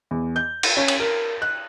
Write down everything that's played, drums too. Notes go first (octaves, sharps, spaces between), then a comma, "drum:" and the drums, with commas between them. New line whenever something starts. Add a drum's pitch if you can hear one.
E2
G6
drum: cymbal
C#4
drum: cymbal
A#4
F#6